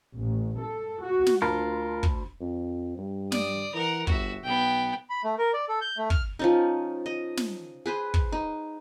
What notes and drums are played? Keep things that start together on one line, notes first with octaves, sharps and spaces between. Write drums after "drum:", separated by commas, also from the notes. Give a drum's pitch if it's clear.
A1
A4
F#4
drum: snare
D2 F4 A#4 A5 B5
drum: kick
F2
G2
D5 D#6, drum: snare
E3 A#4 F#5
G1 F#4 E5, drum: kick
B1 B3 G5
B5
A3
A#4
D5
A4
G6
A3
F6, drum: kick
F3 C#4 D#4
D#5
drum: snare
G#4 B4 C5
drum: kick
D#4